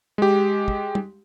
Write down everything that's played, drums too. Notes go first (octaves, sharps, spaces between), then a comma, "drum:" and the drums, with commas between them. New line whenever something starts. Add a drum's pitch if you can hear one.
G#3 G4
drum: kick
drum: tom